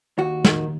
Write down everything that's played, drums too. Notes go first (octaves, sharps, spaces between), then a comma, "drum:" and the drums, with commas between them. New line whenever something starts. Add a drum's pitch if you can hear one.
D#2 F#4
D#3, drum: snare